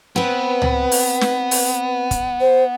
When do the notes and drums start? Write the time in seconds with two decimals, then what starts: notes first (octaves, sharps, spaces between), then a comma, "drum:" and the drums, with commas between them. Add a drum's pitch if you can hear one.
0.16 B3 C4 B4
0.62 drum: tom C#2
0.91 drum: open hi-hat
1.21 drum: snare
1.51 drum: open hi-hat
2.11 drum: kick, hi-hat
2.41 C5